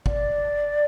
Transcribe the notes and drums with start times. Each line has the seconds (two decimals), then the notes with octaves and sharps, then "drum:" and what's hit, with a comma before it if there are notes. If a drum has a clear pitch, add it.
0.06 D5, drum: kick